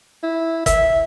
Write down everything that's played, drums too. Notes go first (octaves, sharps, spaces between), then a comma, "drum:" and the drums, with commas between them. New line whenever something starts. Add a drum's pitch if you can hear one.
E4
E5, drum: kick G1, hi-hat